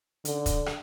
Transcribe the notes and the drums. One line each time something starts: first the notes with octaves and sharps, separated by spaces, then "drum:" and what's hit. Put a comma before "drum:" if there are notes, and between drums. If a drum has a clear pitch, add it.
D3, drum: hi-hat
drum: kick, hi-hat
drum: rim click